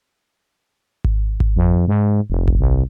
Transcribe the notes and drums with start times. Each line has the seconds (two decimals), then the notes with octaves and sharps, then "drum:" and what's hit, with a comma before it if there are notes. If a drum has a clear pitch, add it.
1.04 drum: kick G#1
1.40 drum: kick G#1
1.56 F2
1.88 G#2
2.30 F1
2.48 drum: kick G#1
2.59 C2